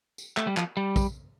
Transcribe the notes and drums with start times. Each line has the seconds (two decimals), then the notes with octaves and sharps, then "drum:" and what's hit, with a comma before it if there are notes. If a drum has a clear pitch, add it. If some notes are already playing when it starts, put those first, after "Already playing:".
0.18 drum: tambourine
0.37 A3, drum: clap
0.47 G3
0.57 F3, drum: clap
0.77 G3
0.96 drum: kick, tambourine